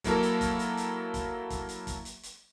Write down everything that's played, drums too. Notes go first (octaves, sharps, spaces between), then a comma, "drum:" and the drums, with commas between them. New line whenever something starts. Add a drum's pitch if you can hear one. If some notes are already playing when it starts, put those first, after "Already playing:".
F#3 A#3 E4 A4 A#4, drum: kick F1, hi-hat
drum: hi-hat
drum: kick F1, hi-hat
drum: hi-hat
drum: hi-hat
drum: kick F1, hi-hat
drum: kick F1, hi-hat
drum: hi-hat
drum: kick F1, hi-hat
drum: hi-hat
drum: hi-hat